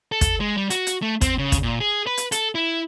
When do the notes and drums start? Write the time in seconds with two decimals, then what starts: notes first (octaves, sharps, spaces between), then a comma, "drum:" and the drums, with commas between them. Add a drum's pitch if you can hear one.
0.12 A4
0.21 drum: kick, hi-hat
0.40 G#3
0.57 G3
0.70 F#4, drum: hi-hat
0.87 drum: hi-hat
1.02 A3
1.21 C4, drum: kick, hi-hat
1.38 C#3
1.52 drum: kick, hi-hat
1.63 A#2
1.80 G#4
2.07 B4
2.17 drum: hi-hat
2.32 A4, drum: hi-hat
2.55 E4